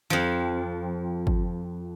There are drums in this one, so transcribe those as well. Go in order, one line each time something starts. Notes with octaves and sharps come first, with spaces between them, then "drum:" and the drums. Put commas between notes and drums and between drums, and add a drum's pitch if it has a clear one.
F2 F3
drum: kick